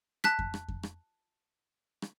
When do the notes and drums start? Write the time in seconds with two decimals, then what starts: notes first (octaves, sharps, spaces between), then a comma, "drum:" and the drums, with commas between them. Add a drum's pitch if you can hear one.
0.24 A5 F#6 B6, drum: rim click
0.39 drum: kick F2
0.54 drum: rim click
0.68 drum: kick F2
0.83 drum: rim click
2.02 drum: rim click